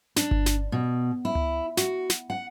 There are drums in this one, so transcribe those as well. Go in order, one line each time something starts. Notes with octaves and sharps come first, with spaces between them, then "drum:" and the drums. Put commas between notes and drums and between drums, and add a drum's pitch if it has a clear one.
D4, drum: snare
drum: kick G1
drum: snare
B2
E4
drum: tom C#2
F#4, drum: snare
drum: snare
F#5